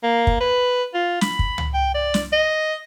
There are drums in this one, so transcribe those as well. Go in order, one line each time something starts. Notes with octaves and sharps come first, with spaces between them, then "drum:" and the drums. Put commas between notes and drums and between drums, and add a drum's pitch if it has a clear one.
A#3
drum: kick
B4
F4
B5, drum: snare
drum: kick
drum: tom
G5
D5
drum: snare
D#5